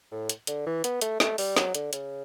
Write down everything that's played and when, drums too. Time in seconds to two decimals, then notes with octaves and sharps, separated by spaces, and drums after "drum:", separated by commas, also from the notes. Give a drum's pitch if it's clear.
0.11 A2
0.29 drum: hi-hat
0.47 D3, drum: hi-hat
0.66 E3
0.84 B3, drum: hi-hat
1.01 A3, drum: hi-hat
1.20 A3, drum: snare
1.38 G3, drum: open hi-hat
1.57 F#3, drum: snare
1.75 D3, drum: hi-hat
1.93 C#3, drum: hi-hat